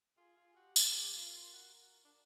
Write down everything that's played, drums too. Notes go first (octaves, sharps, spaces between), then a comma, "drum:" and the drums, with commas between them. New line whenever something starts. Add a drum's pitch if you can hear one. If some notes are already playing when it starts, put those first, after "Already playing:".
F4 G#4
F4
F#4 G4
F#4, drum: tambourine
G4 A#4
F4
F4
F#4
D4